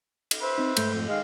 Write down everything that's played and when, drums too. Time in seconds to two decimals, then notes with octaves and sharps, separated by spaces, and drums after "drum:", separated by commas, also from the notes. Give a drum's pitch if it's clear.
0.31 drum: cymbal
0.40 B4 C5 E5
0.58 C4 D#4
0.77 G#2 A3 G6, drum: cymbal
0.92 F2
1.08 D#3 G#3 F5